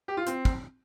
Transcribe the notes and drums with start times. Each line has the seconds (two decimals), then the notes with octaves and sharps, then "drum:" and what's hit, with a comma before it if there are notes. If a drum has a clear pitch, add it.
0.08 G4
0.17 F4
0.27 C4, drum: hi-hat
0.45 drum: kick